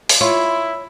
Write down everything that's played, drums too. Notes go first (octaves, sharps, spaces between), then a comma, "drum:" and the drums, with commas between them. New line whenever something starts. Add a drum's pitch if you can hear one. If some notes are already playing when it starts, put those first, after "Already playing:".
drum: open hi-hat
E4 F4 C#5